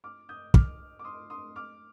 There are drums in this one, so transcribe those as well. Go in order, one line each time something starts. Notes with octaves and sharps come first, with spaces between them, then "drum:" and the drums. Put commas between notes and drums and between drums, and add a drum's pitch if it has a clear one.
D6 F6
D#6 G6
D6 F6, drum: kick
D6
C6 D#6
C6 D#6
D6 F6